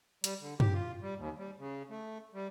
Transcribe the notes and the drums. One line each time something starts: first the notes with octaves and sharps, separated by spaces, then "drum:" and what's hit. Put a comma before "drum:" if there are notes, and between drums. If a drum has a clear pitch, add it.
G3, drum: hi-hat
D3
G4, drum: tom
F4
G3
D#2
G3
C#3
A3
G3